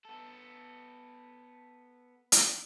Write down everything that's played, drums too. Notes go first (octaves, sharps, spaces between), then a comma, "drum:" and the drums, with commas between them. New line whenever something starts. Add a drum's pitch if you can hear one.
B3 A4
drum: hi-hat